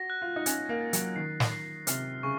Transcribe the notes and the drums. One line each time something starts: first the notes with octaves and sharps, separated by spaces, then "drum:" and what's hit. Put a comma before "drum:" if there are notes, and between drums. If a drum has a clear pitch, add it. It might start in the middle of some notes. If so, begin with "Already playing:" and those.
Already playing: F#4 A#6
F#6
F4
D#4
C#4 F#6, drum: hi-hat
A#3
A6
F#3, drum: hi-hat
D#3 C7
drum: snare
C7
C3 F6, drum: hi-hat
C#3 C#6